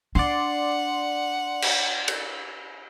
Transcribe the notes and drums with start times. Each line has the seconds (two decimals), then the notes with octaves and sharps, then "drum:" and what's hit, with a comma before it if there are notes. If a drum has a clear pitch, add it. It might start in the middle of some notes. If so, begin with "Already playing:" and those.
0.15 D4 D5 F#5 C6
1.62 drum: cymbal
2.08 drum: cymbal